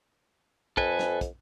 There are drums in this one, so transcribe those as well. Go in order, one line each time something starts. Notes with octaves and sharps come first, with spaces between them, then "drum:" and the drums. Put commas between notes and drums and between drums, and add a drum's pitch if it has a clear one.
F2 A4 B4 G#5, drum: kick
drum: snare
drum: kick, hi-hat